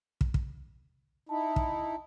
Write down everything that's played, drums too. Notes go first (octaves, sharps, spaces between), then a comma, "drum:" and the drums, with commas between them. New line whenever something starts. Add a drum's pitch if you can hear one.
drum: kick
drum: kick
D#4 E4 A5
drum: kick